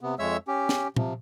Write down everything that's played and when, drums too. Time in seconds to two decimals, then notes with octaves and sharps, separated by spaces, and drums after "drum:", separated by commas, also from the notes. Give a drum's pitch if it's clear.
0.01 C3 B3
0.19 F2 G#3 C#5 E5 E6
0.48 C#4 G4
0.69 drum: snare
0.96 C3 F3, drum: tom A#2